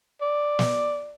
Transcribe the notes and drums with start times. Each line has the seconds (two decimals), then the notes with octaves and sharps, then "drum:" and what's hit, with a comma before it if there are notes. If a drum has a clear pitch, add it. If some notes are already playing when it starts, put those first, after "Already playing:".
0.21 D5
0.59 drum: snare